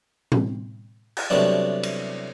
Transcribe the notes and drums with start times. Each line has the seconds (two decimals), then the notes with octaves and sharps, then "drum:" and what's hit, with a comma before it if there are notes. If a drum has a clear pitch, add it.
0.32 drum: tom
1.17 drum: cymbal
1.30 C3 F#3 G3 A3 B3 D4
1.83 drum: cymbal